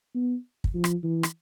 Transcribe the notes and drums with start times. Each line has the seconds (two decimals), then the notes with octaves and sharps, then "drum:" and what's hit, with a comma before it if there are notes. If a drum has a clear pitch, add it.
0.15 B3
0.64 drum: kick
0.74 F3
0.84 drum: rim click
1.04 E3
1.23 drum: rim click